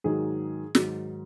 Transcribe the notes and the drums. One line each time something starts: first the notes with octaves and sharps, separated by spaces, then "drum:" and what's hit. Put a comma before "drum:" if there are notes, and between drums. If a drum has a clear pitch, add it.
G#2 D#3 F#3 G#4
G#2 D#3 F#3, drum: snare